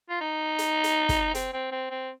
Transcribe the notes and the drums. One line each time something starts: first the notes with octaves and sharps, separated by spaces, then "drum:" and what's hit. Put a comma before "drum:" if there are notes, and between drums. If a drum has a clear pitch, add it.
F4
D#4
drum: hi-hat
drum: hi-hat
drum: kick, hi-hat
C4, drum: hi-hat
C4
C4
C4